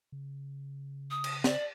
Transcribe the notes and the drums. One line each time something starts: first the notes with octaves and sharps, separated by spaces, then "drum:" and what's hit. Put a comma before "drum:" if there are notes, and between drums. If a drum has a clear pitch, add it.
C#3
D#6
drum: cymbal
D5, drum: snare